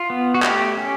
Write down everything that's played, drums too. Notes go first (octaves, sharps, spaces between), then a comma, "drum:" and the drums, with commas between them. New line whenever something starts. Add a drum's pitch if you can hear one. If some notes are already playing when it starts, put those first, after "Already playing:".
Already playing: F4
B3
F#4
A3 G4, drum: clap
C#4